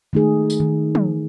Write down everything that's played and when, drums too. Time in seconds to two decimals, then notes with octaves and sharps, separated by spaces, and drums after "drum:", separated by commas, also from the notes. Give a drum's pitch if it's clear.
0.13 D#3 A3 D#4 G#4
0.50 drum: tambourine
0.60 D#3
0.95 drum: tom